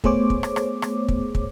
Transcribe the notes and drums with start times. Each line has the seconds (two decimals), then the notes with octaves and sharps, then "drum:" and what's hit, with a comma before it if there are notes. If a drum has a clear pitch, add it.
0.04 A3 B3 G#4 C5 C#5 D6, drum: kick
0.30 drum: kick
0.43 drum: rim click
0.56 drum: rim click
0.82 drum: rim click
1.08 drum: kick
1.35 drum: kick